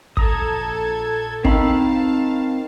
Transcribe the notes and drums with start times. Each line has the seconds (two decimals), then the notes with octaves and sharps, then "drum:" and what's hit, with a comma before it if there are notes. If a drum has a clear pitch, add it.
0.17 A#1 A4 A#5 D#6 G#6, drum: kick
1.44 D#3 C4 F5 A5 B5 E6, drum: kick